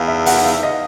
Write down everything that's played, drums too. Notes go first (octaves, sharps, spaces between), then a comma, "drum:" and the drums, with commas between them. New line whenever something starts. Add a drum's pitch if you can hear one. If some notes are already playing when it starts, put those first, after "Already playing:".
Already playing: E2 F5
E5
F#5, drum: open hi-hat
F5
D#5